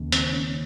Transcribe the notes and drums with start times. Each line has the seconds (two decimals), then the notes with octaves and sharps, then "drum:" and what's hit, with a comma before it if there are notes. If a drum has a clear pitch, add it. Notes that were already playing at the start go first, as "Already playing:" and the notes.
Already playing: D#2 C#3
0.12 C4, drum: hi-hat
0.33 C#4